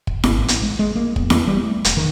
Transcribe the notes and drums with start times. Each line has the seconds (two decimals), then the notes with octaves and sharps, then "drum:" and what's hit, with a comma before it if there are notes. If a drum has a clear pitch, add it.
0.07 drum: kick
0.24 G#1, drum: snare E4
0.37 A1
0.48 drum: hi-hat
0.62 G#3
0.79 G#3
0.95 A#3
1.16 E2, drum: kick
1.30 E3, drum: snare E4
1.47 G3
1.63 A3
1.85 E1, drum: hi-hat
1.97 D#3